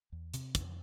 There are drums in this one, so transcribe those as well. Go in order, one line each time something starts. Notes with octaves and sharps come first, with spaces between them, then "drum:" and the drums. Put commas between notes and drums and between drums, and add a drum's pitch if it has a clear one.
E2
C3, drum: hi-hat
F2, drum: kick, hi-hat